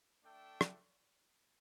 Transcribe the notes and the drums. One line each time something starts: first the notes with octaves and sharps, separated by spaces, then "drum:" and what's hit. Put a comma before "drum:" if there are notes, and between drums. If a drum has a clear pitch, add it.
A3 D4 A4 E5 G5
drum: rim click